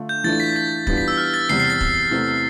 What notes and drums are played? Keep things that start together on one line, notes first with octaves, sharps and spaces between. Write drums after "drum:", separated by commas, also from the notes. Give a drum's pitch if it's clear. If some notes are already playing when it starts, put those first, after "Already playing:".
Already playing: D3 A3 D4 F4
G6
E3 A3 D4 F4 A6
B6
A6
E3 G3 B3 D4 F4 A6, drum: kick
B6
E6
F6
A6
E2 C3 G3 C4 C7, drum: tom C3
C7
A6
drum: kick
E2 C3 E3 A3 C4